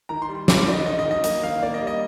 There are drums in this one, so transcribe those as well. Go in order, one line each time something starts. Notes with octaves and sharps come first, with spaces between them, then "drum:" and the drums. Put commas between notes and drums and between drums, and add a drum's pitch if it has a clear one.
D#3 A#5
C6
G3
C6
D#3 D6, drum: snare
C6
D#3 D5
D#5
D#3 D#5
D#5
D#3
D#5
A#3 D#5, drum: hi-hat
D#3 F5
A#3 D5
D#5
G3
D#5